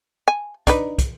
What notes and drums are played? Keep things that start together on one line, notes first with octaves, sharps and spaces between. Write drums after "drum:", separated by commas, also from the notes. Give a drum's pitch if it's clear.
G#5
D4 D#4 B4, drum: kick, hi-hat
drum: kick, hi-hat